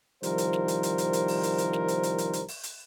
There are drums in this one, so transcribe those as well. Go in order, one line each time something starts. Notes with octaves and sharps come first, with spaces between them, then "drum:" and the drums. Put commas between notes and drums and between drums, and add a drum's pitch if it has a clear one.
C2 D#3 F3 G3 A#4 C5, drum: hi-hat
drum: hi-hat
drum: snare
drum: hi-hat
drum: hi-hat
drum: hi-hat
drum: hi-hat
drum: open hi-hat
drum: hi-hat
drum: hi-hat
drum: snare
drum: hi-hat
drum: hi-hat
drum: hi-hat
drum: hi-hat
drum: open hi-hat
drum: hi-hat